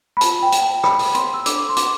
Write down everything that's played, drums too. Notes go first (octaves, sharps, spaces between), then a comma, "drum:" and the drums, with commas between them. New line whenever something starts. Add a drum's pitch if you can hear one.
B5
F4 C5 A5, drum: hi-hat
G5
drum: hi-hat
A5
B5, drum: rim click
drum: open hi-hat
C6, drum: hi-hat
E6
D4 A4 C5 D6, drum: hi-hat
C6
D6, drum: hi-hat